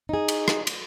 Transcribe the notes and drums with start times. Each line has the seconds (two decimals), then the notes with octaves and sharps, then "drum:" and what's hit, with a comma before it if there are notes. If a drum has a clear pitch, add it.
0.09 D#4 G#4
0.28 drum: cymbal
0.48 drum: rim click
0.67 drum: cymbal